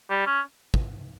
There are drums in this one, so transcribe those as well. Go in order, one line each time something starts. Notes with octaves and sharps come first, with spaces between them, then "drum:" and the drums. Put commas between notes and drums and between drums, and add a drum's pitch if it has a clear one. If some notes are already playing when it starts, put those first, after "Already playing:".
G3
C#4
drum: kick